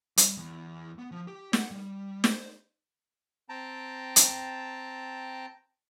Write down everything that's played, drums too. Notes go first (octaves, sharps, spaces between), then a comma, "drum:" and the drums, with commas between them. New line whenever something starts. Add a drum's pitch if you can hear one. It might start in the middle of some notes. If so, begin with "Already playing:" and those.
G3, drum: hi-hat
E2
B3
F3
G4
F#5, drum: snare
G3
C5, drum: snare
C4 G5 A5 A#5
drum: hi-hat